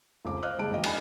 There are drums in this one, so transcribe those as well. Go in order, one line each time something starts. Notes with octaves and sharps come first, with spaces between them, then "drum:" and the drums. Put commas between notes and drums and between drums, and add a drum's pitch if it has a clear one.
F1 C#2 D6
C5 D#5 F5 F6 F#6
F#1 G3 G#3 G#4 A5 D7
G#1 E2 F#4 D#5 G5
D4 G#5 B5, drum: cymbal